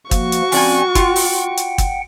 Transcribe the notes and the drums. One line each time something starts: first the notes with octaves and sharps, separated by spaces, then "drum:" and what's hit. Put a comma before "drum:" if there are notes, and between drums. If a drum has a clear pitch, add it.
F3 A#3 F#4 C#6, drum: kick, hi-hat
drum: hi-hat
F3 C4 C#4 D5 G#5, drum: open hi-hat
F4 F#5 G5, drum: kick, hi-hat
drum: open hi-hat
drum: hi-hat
drum: kick, hi-hat